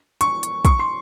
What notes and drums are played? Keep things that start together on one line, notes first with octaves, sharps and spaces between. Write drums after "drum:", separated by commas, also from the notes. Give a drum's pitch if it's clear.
C#6, drum: hi-hat
drum: hi-hat
C#6, drum: kick, hi-hat
C6